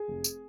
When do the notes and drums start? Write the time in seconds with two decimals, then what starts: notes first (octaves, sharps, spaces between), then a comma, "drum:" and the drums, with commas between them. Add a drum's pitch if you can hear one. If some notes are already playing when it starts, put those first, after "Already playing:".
Already playing: G#4
0.08 F1
0.24 drum: tambourine